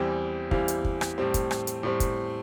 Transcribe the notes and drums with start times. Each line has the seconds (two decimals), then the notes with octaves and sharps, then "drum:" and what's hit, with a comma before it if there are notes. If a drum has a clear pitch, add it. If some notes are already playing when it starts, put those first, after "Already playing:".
Already playing: E2 E3 G3 C4 G5
0.51 E2 E3 G3 C4 F5, drum: kick
0.68 drum: hi-hat
0.85 drum: kick
1.01 drum: rim click
1.18 A2 G3 C4
1.34 drum: kick, hi-hat
1.51 drum: rim click
1.67 drum: hi-hat
1.83 A2 G3 C4
2.00 drum: kick, hi-hat